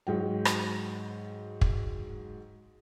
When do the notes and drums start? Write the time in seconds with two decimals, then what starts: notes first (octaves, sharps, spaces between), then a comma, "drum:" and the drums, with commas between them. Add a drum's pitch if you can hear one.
0.07 G#2 F#3 G5
0.45 drum: rim click
1.61 drum: kick